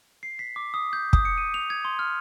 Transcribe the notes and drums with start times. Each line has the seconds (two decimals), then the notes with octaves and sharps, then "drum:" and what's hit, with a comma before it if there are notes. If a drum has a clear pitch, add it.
0.23 C7
0.39 B6
0.56 D6
0.74 D#6
0.93 G6
1.13 D#6, drum: kick
1.25 C#7
1.38 D#7
1.54 F7
1.70 G#6
1.85 C6
1.99 F6